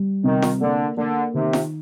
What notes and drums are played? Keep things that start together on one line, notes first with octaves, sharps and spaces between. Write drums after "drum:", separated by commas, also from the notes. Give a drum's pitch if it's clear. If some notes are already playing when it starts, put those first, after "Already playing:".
Already playing: G3
C3 D#3
drum: snare
D3 A#3
D3 A#3
C3 D#3
drum: snare